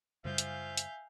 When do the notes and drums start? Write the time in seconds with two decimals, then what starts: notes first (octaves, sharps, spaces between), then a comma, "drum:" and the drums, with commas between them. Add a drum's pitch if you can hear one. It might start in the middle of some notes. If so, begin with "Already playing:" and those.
0.25 F#2 C#3 F3 G3 E5 F5 G#5 G6
0.38 drum: hi-hat
0.77 drum: hi-hat